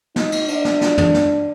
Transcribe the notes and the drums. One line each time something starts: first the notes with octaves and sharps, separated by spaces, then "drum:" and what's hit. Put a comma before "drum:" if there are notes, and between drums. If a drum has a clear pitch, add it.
D#4, drum: snare
drum: cymbal
D4, drum: cymbal
drum: snare
drum: snare
drum: tom
drum: snare